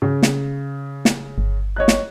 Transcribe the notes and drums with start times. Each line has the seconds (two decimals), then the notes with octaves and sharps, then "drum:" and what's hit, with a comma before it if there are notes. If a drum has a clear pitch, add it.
0.02 C#3
0.23 drum: snare
1.05 drum: snare
1.38 G1
1.76 C#5 D#5 F#6
1.88 drum: snare